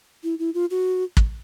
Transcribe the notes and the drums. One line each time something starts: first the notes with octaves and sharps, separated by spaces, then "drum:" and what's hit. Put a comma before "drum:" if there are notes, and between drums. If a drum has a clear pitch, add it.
E4
E4
F4
F#4
drum: kick